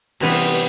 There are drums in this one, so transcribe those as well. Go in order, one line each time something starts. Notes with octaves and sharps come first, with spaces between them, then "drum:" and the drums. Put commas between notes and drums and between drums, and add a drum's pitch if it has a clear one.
C3 E3 G3 B3, drum: cymbal